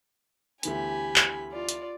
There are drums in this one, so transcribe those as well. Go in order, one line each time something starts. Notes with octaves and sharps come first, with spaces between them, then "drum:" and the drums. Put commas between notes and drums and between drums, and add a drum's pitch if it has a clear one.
D2 E3 B3 G4 G#5 B5, drum: hi-hat
drum: clap
F4 D5
drum: hi-hat